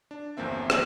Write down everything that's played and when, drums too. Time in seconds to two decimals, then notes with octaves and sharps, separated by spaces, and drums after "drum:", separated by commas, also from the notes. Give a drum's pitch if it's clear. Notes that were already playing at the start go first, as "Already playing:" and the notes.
0.11 D4
0.37 G1 E2 F3 A#3 C4 E5
0.70 drum: rim click